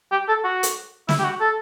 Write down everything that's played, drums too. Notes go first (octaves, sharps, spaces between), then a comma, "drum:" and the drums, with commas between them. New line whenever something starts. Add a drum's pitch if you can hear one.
G4
A4
F#4
drum: hi-hat
E4, drum: snare
G4
F#4
A4